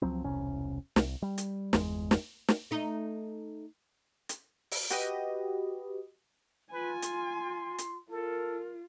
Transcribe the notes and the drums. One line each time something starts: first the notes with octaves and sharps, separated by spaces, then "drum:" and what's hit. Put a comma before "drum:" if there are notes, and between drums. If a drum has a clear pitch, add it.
C#2 F3 F#3 C4
E1 C2 C3 C#4
C2, drum: snare
G3
drum: hi-hat
G1 E2 G#3, drum: snare
drum: snare
drum: snare
A3 D#4
drum: hi-hat
drum: open hi-hat
F#4 G4 B4 D#5, drum: hi-hat
F4 B4 G#5
C6, drum: hi-hat
drum: hi-hat
F4 A4 A#4